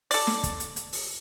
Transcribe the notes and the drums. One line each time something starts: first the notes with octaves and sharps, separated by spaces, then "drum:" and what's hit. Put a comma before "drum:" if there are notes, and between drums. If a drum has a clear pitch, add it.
A4 D5, drum: open hi-hat
drum: snare
drum: kick, hi-hat
drum: hi-hat
drum: hi-hat
drum: open hi-hat